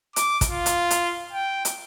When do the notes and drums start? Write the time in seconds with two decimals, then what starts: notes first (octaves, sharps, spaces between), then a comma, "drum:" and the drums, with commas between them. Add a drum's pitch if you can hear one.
0.16 D6, drum: hi-hat
0.41 drum: kick, hi-hat
0.50 F4
0.66 drum: hi-hat
0.91 drum: hi-hat
1.32 G5
1.65 drum: hi-hat